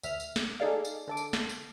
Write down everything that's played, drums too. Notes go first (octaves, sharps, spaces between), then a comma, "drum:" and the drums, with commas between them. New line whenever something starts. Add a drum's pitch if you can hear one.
D2 E5 F6, drum: tambourine
drum: tambourine
drum: snare
D#4 G#4 A4 D5 F5
drum: tambourine
D3 A4 D6
drum: tambourine
drum: snare
drum: tambourine